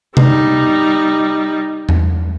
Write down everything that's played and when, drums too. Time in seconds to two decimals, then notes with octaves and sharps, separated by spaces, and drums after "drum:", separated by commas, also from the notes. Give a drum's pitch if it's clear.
0.17 G3 D#4, drum: tom C3
1.89 drum: tom E2